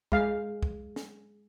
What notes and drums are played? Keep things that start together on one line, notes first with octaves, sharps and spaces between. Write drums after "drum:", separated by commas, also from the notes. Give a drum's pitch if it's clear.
G#3 F5, drum: kick
drum: kick
drum: snare